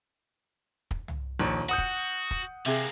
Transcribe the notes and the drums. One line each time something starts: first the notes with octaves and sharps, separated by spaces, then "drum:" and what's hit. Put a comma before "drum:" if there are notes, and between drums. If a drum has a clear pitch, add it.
drum: kick
drum: tom C2
A#1 D#2
F#4 F#5 D#6 G6
drum: kick
drum: kick
C3 E3 A#3 G#4